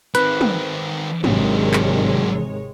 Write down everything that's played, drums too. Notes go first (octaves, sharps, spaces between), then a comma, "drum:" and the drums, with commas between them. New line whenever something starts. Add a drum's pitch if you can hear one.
D#3 C4 B4, drum: hi-hat
drum: tom
G#1 C3 D#3 F#3 G#3 D4 C#5, drum: tom
drum: clap